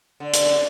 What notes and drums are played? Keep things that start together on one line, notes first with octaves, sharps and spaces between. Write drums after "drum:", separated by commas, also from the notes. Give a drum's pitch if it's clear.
D3
drum: hi-hat